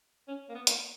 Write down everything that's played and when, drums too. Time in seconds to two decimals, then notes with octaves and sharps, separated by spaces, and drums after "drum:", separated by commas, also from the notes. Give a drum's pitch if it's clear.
0.28 C#4
0.49 A#3
0.55 B3
0.67 A#3, drum: hi-hat